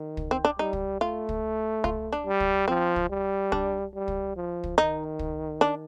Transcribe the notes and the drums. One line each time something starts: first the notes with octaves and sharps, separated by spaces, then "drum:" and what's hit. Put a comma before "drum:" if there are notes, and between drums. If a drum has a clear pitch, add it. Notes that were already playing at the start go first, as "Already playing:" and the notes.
Already playing: D#3
drum: kick
C4
D4
G3 D#4
drum: kick
A3 F4
drum: kick
F4, drum: kick
D4
G3
drum: kick
F3 C4
drum: kick
G3
D4, drum: kick
G3
drum: kick
F3
drum: kick
D#3 D#4
drum: kick
D4